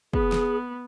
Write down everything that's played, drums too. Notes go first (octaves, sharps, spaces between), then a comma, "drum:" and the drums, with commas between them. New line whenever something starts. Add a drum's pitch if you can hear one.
B3 G#4, drum: kick
drum: snare